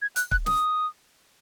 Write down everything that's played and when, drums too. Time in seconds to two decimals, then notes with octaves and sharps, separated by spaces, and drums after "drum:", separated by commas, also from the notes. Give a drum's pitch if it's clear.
0.02 G#6
0.16 F#6, drum: hi-hat
0.31 F#6, drum: kick C#1
0.46 D#6, drum: snare